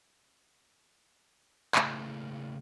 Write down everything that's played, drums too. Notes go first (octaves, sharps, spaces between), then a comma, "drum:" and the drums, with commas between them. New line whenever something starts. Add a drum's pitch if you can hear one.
C#3 A3 A#3 E4 G#4, drum: clap